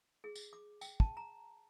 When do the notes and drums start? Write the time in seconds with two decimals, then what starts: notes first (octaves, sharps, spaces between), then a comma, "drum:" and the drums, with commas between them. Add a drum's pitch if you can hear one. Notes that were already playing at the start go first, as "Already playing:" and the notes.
0.24 G#4
0.35 drum: tambourine
0.53 D6
0.81 G5, drum: tambourine
1.00 A5, drum: kick
1.17 A#5